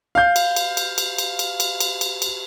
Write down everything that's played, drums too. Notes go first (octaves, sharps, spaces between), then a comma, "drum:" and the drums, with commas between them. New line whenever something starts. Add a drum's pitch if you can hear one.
F5 G6
drum: cymbal
drum: cymbal
drum: cymbal
drum: cymbal
drum: cymbal
drum: cymbal
drum: cymbal
drum: cymbal
drum: cymbal
drum: cymbal